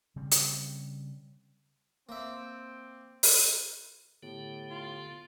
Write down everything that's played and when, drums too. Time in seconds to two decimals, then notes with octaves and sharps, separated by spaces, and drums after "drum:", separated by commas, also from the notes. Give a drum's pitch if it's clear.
0.16 C#3 G3 C4
0.31 drum: hi-hat
2.09 A#3 C4 E5
3.23 drum: open hi-hat
4.23 A2 D3 B3 G4
4.70 F4